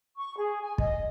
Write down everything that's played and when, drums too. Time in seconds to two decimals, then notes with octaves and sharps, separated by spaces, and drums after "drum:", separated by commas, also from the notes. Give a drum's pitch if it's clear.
0.17 C#6
0.38 G#4
0.61 G#5
0.78 D#5, drum: kick